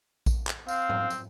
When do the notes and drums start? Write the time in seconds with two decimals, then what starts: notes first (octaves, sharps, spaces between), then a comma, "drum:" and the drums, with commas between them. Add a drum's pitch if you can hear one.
0.26 drum: kick A#1, tambourine
0.47 drum: clap
0.68 C4 F5, drum: tambourine
0.89 drum: tom G#2
1.10 drum: tambourine